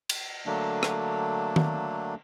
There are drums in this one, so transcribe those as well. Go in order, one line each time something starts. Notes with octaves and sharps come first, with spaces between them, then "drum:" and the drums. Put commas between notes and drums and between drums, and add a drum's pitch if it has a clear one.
drum: cymbal
D3 F#3 A3 A#3 D4
drum: rim click
drum: tom